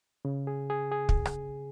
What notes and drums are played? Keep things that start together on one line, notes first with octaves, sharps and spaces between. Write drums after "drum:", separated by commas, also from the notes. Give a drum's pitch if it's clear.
C#3
G#4
G#4
G#4
drum: kick
drum: rim click